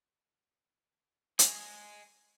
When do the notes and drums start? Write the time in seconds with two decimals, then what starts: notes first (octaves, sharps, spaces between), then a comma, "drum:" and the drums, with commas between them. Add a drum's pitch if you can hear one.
1.39 D#5 G#5, drum: hi-hat